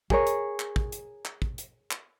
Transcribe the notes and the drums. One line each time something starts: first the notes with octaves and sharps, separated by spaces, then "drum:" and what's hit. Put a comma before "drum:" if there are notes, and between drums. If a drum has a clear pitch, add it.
G#4 A#4 C#5, drum: kick
drum: hi-hat
drum: clap
drum: kick
drum: hi-hat
drum: clap
drum: kick
drum: hi-hat
drum: clap